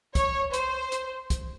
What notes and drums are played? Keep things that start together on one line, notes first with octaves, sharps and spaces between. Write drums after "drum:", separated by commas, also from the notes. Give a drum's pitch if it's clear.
C#5, drum: kick, hi-hat
C5, drum: hi-hat
drum: hi-hat
drum: kick, hi-hat